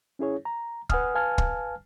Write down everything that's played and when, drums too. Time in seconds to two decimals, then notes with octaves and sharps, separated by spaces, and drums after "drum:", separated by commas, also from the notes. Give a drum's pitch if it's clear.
0.19 C#4 E4 G#4 C#5
0.45 A#5
0.89 B4 F#5 G#5 D#6 F6, drum: kick
1.15 B4 F5 G#5 A5 F6
1.38 drum: kick